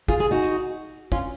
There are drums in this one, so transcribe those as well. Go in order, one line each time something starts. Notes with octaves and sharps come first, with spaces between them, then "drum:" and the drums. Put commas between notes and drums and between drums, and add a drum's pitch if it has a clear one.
F4 G#4, drum: kick
F4 G#4
D#4 F#4
drum: hi-hat
C#4 F4, drum: kick